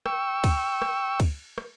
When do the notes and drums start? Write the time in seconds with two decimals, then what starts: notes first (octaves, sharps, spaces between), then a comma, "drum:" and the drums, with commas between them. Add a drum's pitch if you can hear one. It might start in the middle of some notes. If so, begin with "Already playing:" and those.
0.06 G5 C#6 E6, drum: rim click
0.44 drum: kick, cymbal
0.82 drum: rim click
1.20 drum: kick, cymbal
1.58 drum: rim click